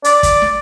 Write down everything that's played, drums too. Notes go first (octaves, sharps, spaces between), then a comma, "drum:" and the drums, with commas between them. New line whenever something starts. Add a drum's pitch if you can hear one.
D5, drum: hi-hat
drum: kick, hi-hat
drum: snare